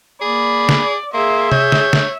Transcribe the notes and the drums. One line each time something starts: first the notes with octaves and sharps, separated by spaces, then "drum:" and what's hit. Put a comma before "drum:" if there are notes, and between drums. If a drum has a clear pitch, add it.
A#3 G#4 D5 B5
drum: snare
A#3 G#4 E5 C6
C#5 G6, drum: tom C3
drum: snare
drum: snare